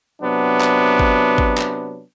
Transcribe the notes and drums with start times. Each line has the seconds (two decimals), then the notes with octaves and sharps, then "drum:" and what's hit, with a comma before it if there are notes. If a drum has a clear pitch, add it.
0.22 C3 F#3 B3 D4
0.61 drum: clap
0.99 drum: kick G#1
1.38 drum: kick G#1
1.58 drum: clap